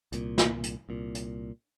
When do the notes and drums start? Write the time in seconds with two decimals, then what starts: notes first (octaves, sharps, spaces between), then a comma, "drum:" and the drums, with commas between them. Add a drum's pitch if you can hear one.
0.12 C2 A#2, drum: hi-hat
0.38 drum: snare
0.63 drum: hi-hat
0.89 C2 A#2
1.15 drum: hi-hat